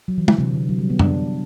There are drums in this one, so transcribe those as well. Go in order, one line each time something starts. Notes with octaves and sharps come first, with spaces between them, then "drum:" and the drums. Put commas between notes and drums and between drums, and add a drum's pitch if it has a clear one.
F#3
E3
D3, drum: tom
C3
D3
F#3
G3
B3
D4, drum: tom F#2